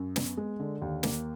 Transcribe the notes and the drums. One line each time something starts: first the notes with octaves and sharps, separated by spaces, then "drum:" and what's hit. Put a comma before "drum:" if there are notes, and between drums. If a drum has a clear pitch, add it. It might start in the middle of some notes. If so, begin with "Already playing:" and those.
Already playing: F#2
B3, drum: snare
G#3
D3
D#2
A#3, drum: snare